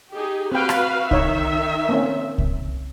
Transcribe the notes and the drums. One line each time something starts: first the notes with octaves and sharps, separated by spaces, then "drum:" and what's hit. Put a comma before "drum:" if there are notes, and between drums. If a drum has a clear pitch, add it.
D#4 G4 G#4
C4 F#4 B4 F5 G5
drum: rim click
D#3 D#4 C#5 E5, drum: kick C2
A#3 C4 C#4
drum: kick C2